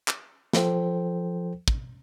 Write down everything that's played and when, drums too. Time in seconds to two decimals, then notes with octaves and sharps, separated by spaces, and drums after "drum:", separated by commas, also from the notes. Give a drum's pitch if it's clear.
0.08 drum: clap
0.53 F3 A4 C5 G5, drum: snare
1.68 drum: kick